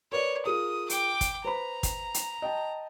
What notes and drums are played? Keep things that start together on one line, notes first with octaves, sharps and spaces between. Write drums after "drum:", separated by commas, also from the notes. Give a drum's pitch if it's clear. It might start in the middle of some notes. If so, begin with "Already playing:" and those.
A#4 B4 C#5 D5
F4 G#4 A#4 D#6
G5 D6, drum: hi-hat
drum: kick, hi-hat
B4 C5 A#5 B5
drum: kick, hi-hat
drum: hi-hat
D#5 G5 A5